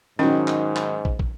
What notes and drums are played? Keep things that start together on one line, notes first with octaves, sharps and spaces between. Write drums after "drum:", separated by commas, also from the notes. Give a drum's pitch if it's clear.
G#2 D#3 F#3 C#4 D#4 G5
drum: clap
drum: clap
drum: kick
drum: kick